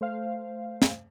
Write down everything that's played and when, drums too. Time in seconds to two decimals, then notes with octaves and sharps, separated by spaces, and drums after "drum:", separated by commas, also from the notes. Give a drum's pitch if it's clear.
0.01 A3 C5 F5
0.82 drum: snare